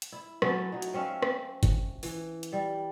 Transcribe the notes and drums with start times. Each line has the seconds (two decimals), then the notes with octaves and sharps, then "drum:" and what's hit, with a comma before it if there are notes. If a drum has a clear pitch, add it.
0.02 drum: hi-hat
0.12 E4
0.42 F#3 A3 C#4 E4, drum: rim click
0.72 F#3 D#4
0.82 drum: hi-hat
0.93 C4 C#4 E5 F5
1.23 drum: rim click
1.63 drum: kick, hi-hat
2.03 E3, drum: open hi-hat
2.43 drum: hi-hat
2.52 G3